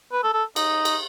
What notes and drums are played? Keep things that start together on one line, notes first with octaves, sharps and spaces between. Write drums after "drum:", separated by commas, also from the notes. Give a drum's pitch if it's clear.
B4
A4
A4
D#4, drum: cymbal
drum: cymbal